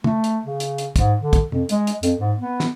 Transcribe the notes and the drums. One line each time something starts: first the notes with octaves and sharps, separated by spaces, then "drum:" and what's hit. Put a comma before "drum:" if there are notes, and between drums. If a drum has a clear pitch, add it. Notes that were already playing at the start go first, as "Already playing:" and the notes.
A3, drum: tom
drum: hi-hat
C#3
drum: hi-hat
drum: hi-hat
G#2, drum: kick, hi-hat
D3
drum: kick, hi-hat
F2, drum: tom
G#3, drum: hi-hat
drum: hi-hat
F2, drum: hi-hat
G#2
B3
drum: snare